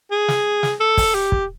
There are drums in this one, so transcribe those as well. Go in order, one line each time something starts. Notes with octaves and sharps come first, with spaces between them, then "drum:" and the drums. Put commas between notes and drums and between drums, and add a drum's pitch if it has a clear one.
G#4
drum: snare
drum: snare
A4
drum: kick, open hi-hat
G4
drum: kick